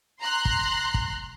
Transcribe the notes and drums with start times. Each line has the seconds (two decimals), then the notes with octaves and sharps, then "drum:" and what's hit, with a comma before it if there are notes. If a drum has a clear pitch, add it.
0.21 A#5 C6 F#6
0.45 drum: kick
0.94 drum: kick